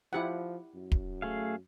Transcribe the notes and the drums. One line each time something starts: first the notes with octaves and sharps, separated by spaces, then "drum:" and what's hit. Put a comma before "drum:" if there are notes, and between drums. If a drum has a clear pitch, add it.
F3 E4 G4 F#5
F#2
drum: kick
A3 G#4 F5